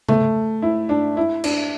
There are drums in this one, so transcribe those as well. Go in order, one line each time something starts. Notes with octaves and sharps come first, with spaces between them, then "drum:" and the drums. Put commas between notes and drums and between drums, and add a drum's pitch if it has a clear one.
A3, drum: tom C#3
E4
D4
E4
D4, drum: cymbal